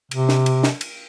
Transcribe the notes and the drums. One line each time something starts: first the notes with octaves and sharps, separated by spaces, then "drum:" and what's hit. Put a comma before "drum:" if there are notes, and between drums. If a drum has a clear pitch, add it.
C3, drum: cymbal
drum: snare
drum: cymbal
drum: snare
drum: cymbal